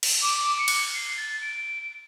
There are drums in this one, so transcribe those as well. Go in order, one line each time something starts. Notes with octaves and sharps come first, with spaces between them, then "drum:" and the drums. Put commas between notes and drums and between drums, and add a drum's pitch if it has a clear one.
drum: cymbal
D6
C#7
drum: cymbal
C7
A6
D7